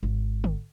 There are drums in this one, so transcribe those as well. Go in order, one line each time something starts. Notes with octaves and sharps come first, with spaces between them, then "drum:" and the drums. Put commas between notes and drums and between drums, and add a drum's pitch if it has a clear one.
G#1
drum: tom D3